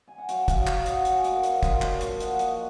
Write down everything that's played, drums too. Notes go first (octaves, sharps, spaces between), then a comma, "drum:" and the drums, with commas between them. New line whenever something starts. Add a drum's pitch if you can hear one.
G#5
F#5
F#3 C#5 F5, drum: hi-hat
C#5 F5, drum: kick, hi-hat
F#3
D#5
C#5 F5, drum: clap
F#3
D#5 F#5, drum: hi-hat
F#3 F5 G#5, drum: hi-hat
D#5 F#5, drum: hi-hat
A#2
D#5
C#5 F5, drum: hi-hat
F#3
C5 D#5, drum: kick, hi-hat
A#2 C5 D#5, drum: clap
C#5 F5, drum: hi-hat
F3
D#5 F#5, drum: hi-hat
F3
D#5 F#5, drum: hi-hat